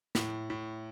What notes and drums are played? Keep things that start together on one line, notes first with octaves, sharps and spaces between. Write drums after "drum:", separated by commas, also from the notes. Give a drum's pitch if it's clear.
A2, drum: snare
A2